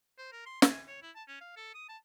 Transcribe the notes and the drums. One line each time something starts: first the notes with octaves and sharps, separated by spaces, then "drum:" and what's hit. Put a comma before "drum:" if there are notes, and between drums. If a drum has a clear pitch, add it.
C5
A#4
C6
G#5, drum: snare
C#5
E4
A5
C#4
F5
A4
D#6
A5